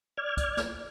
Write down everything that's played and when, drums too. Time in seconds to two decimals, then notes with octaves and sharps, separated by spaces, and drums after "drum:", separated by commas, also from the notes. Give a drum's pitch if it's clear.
0.17 D5 F6 G#6
0.37 drum: kick, hi-hat
0.57 drum: snare